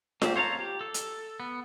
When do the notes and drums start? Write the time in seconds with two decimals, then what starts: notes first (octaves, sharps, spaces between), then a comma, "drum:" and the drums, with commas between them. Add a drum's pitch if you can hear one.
0.22 A#3 C4 G4, drum: snare F4
0.36 C5 C#5 F5 A5 A#5
0.59 G4
0.81 A4
0.94 drum: hi-hat
1.40 B3